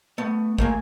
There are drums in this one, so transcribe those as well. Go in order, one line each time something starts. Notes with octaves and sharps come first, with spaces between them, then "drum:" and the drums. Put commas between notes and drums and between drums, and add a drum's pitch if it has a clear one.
A3 B3
A3 A#3 G#5, drum: kick